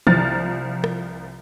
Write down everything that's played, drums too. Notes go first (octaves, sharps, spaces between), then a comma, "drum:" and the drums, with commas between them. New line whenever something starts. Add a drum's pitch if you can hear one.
C2 F3 A#5 F6 A6, drum: tom D#3
drum: rim click